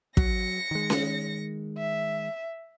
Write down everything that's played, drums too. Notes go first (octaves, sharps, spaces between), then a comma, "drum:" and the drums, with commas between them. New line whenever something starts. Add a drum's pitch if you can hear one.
F#3 A#6 C#7, drum: kick
D#3 G#3
drum: snare C#4
E5